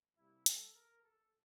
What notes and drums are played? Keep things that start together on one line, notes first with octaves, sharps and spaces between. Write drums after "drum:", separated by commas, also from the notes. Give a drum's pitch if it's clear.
C3 G3 A#3 E4
A4, drum: hi-hat
A#4
A4